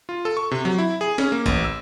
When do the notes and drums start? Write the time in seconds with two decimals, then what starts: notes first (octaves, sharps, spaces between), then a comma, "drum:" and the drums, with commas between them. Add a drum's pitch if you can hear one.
0.09 F4
0.25 A4
0.37 C#6
0.51 C3
0.65 F#3
0.78 E4
1.01 G#4
1.18 C#4, drum: snare
1.32 A#3
1.46 A1, drum: kick A#1, hi-hat
1.64 E6